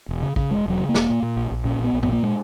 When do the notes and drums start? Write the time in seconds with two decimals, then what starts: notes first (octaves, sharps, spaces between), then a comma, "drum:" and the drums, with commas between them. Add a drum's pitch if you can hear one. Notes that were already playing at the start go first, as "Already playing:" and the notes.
0.09 E1
0.22 C#3
0.36 C#3, drum: kick A1
0.51 E1 G#3
0.66 E1 F#3
0.80 C#3
0.89 A#3
0.94 E1, drum: snare
1.09 A#2
1.23 A#2
1.36 A#1
1.51 A#1
1.65 A#2 C#4
1.80 A#1 B3
1.93 A#1
2.03 B3, drum: tom G2
2.08 A#2 A#3
2.23 G#3